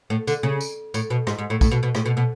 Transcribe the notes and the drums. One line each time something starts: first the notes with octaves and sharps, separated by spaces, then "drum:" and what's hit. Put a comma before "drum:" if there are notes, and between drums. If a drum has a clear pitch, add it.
A2
D3, drum: tambourine
C#3
drum: tambourine
A2, drum: tambourine
B2
G#2, drum: rim click
G#2
A2
A2, drum: kick, tambourine
B2
B2
A2, drum: rim click
B2
B2